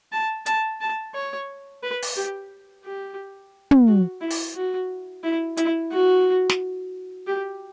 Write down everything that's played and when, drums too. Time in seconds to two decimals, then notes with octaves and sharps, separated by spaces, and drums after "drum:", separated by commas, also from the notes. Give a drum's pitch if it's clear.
0.12 A5
0.46 A5, drum: hi-hat
0.81 A5
1.15 C#5
1.83 B4
2.02 drum: open hi-hat
2.16 G4
2.85 G4
3.71 drum: tom
3.87 F#4
4.21 E4
4.30 drum: open hi-hat
4.55 F#4
5.24 E4
5.57 E4, drum: hi-hat
5.92 F#4
6.49 drum: snare
7.27 G4